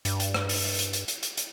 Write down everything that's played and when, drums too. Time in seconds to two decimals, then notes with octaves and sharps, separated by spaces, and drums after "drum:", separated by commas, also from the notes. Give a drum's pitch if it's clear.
0.05 G2, drum: hi-hat
0.20 drum: hi-hat
0.34 drum: rim click
0.49 drum: open hi-hat
0.64 drum: open hi-hat
0.79 drum: hi-hat
0.93 drum: hi-hat
1.08 drum: hi-hat
1.23 drum: hi-hat
1.37 drum: hi-hat